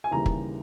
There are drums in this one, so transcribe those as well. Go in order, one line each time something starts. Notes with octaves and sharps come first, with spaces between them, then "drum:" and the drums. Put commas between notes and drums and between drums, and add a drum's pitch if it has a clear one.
G#5
D#2 C#3 E3 G3 A#5
drum: kick